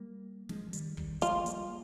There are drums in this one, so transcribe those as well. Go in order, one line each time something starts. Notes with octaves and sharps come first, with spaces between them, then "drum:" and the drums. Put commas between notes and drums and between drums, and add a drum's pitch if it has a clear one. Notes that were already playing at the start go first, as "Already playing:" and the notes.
Already playing: G3 A#3
F3 G#3, drum: snare
F3
D#3 G3, drum: hi-hat
D#3 G3, drum: kick
F3 G#3 F4, drum: hi-hat
G3 A#3, drum: hi-hat